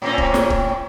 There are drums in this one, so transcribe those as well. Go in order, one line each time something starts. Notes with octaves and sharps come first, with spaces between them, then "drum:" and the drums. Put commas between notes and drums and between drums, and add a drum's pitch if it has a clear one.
A2 C4 C#4
drum: kick
drum: snare
drum: kick